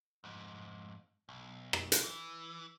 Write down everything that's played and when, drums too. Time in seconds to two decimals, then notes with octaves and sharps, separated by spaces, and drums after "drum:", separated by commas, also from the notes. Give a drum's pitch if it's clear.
0.24 F2 G#2
1.29 B1
1.73 drum: rim click
1.92 drum: hi-hat
2.04 E3